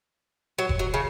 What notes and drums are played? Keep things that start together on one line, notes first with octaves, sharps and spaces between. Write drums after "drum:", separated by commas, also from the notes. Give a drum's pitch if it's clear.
F#3
drum: kick F1
F#3
C#3